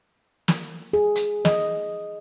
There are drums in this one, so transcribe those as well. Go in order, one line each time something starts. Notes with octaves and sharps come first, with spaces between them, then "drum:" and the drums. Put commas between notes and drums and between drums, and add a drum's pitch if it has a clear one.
drum: snare
G#4
drum: hi-hat
D#5, drum: snare